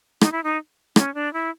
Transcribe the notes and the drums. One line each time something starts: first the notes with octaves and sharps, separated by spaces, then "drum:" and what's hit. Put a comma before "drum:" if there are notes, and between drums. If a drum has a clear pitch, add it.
D#4, drum: rim click
E4
D#4
C#4, drum: rim click
D4
E4